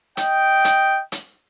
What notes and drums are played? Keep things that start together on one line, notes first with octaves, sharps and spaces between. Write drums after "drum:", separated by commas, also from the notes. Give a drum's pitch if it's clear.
D#5 G5, drum: hi-hat
drum: hi-hat
drum: hi-hat